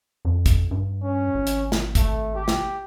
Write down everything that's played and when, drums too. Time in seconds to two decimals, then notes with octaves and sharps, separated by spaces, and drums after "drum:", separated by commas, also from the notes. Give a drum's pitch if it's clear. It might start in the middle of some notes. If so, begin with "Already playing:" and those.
0.25 F2
0.46 drum: kick, hi-hat
0.71 G2
1.04 C#4
1.35 G#1
1.47 drum: hi-hat
1.72 drum: snare
1.95 A3, drum: kick, hi-hat
2.35 G4
2.48 drum: snare